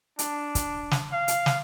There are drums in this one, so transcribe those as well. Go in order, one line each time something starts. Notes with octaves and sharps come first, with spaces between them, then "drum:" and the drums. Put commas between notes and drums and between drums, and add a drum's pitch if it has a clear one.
D4, drum: hi-hat
drum: kick, hi-hat
drum: snare
F5
drum: hi-hat
drum: snare